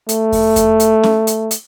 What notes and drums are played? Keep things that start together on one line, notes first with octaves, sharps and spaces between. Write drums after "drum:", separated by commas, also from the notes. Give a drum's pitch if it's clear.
A3, drum: hi-hat
drum: kick E2, open hi-hat
drum: kick E2, hi-hat
drum: hi-hat
drum: snare C#4
drum: hi-hat
drum: hi-hat